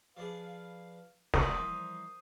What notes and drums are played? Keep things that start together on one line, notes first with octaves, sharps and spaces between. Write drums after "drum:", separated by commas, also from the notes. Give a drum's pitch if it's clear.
F3 D4 G#4 B4 F5
C4 A#4 C5 D5 F5 F#5 D#6, drum: snare
E3 F3 G3 A#3